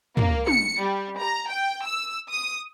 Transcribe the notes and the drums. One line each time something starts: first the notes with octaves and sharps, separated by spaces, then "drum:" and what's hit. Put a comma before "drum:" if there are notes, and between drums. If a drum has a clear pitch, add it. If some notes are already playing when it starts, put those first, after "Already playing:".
A#3, drum: tom
C#7, drum: tom
G3
A#5
G5
E6
D#6